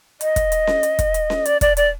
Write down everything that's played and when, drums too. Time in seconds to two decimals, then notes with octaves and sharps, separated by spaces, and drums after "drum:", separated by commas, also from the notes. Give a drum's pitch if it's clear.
0.21 D#5, drum: hi-hat
0.36 drum: kick, hi-hat
0.52 drum: hi-hat
0.67 drum: snare C#4
0.83 drum: hi-hat
0.99 drum: kick, hi-hat
1.14 drum: hi-hat
1.30 drum: snare C#4
1.45 D5, drum: hi-hat
1.61 D5, drum: kick, hi-hat
1.77 D5, drum: hi-hat